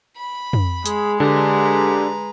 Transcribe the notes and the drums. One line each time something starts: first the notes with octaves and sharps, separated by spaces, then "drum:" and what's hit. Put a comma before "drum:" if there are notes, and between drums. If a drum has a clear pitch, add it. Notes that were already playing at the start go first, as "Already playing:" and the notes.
B5
drum: tom
G#3 G#4, drum: hi-hat
D3 D4 G4 B4 A#5